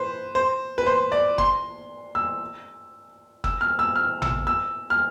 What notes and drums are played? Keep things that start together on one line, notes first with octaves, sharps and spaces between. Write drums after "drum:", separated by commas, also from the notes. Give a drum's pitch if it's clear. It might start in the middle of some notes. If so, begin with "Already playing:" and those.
Already playing: B4 C5
C5
B4
C5
D5
C6, drum: kick F#1
E6
E6, drum: kick F#1
F6
E6
F6
E6, drum: tom A1
E6
F6